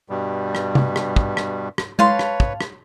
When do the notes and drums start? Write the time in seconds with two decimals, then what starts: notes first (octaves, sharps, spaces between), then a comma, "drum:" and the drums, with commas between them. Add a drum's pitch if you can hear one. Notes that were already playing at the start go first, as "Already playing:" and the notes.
0.10 G2 B2 G3
0.55 drum: rim click
0.75 drum: tom
0.96 drum: rim click
1.16 drum: kick
1.37 drum: rim click
1.78 drum: rim click
1.99 B4 C#5 F5 A5 C6, drum: tom G#3
2.19 drum: rim click
2.40 drum: kick
2.61 drum: rim click